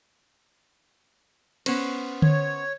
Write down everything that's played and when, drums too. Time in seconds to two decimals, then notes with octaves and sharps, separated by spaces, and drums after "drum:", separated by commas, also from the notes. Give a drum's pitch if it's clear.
1.66 B3 C#4 C5, drum: cymbal
2.22 C#5, drum: tom D3